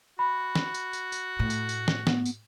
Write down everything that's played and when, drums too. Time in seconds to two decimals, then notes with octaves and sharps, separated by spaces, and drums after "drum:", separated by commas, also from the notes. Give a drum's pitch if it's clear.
0.19 F#4 B5
0.55 drum: snare
0.74 drum: tambourine
0.93 drum: tambourine
1.12 drum: tambourine
1.39 A2
1.50 drum: tambourine
1.69 drum: tambourine
1.88 drum: snare
2.07 B3, drum: snare
2.26 drum: tambourine